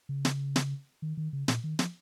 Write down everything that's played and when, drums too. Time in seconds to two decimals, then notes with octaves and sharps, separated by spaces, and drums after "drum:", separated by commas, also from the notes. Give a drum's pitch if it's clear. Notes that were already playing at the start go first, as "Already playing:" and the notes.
0.09 C#3
0.25 drum: snare
0.56 drum: snare
1.02 D#3
1.17 D#3
1.33 C#3
1.48 A#2, drum: snare
1.64 D#3
1.79 F3, drum: snare